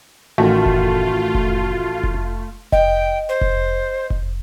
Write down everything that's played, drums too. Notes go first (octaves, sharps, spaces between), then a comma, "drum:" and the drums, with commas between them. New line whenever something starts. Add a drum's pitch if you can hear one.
A1 D#3 A3 F4 F#4
drum: kick F1
drum: kick F1
drum: kick F1
D#5 G5, drum: kick F1
C5
drum: kick F1
drum: kick F1